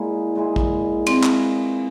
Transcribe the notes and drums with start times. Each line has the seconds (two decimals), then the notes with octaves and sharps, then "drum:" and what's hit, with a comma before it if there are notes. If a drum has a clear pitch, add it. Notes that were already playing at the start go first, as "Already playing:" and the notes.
Already playing: A#2 G#3 A#3 E4 G#4
0.35 A#2 G#3 E4 G#4
0.56 drum: kick
1.07 A#2 G#3 C4 E4 G#4, drum: cymbal
1.23 drum: clap